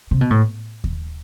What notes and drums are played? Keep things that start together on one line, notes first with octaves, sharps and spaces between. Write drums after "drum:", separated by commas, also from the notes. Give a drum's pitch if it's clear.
C3
B2
A2
drum: kick D#2